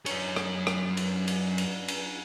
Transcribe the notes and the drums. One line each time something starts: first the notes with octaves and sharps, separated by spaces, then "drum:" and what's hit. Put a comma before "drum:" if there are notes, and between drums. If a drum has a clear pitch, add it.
F#2 C#5, drum: cymbal
drum: rim click
drum: rim click
drum: cymbal
drum: cymbal
drum: cymbal
drum: cymbal